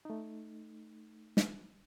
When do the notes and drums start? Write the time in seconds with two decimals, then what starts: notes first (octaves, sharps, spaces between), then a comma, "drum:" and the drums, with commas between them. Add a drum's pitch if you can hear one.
0.05 A3 D#4
1.37 drum: snare